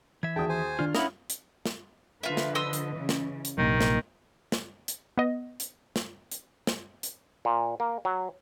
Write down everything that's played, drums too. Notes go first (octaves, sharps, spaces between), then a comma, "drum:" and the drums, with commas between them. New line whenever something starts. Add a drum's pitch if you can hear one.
E3 E5 G#6
D#2 F#4 G#4 G5 A5 D#6
C5 G#5
D#3 D4 F4 F6
C#4 E4 A#4 F5 F#5 D#6, drum: snare
drum: hi-hat
drum: snare
D3 F3 F4 B4 E5
drum: snare
D#5 C6 E6
drum: hi-hat
C#3 E3
drum: snare
drum: hi-hat
A#1 G2 C3 D#3 F#3 A#3 D#4
drum: snare
drum: snare
drum: hi-hat
B3 D#5
drum: hi-hat
drum: snare
drum: hi-hat
drum: snare
drum: hi-hat
A#2
A#3
F#3